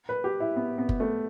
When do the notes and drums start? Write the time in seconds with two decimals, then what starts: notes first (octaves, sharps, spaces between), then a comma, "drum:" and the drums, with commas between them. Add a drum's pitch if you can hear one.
0.09 B4
0.24 G4
0.40 E4
0.56 B3
0.78 B3
0.89 drum: kick
1.00 A3